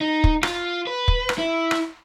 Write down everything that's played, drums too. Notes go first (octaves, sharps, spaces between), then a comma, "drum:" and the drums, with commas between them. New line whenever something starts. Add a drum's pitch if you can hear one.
D#4
drum: kick
F4, drum: rim click
B4
drum: kick
drum: rim click
E4
drum: rim click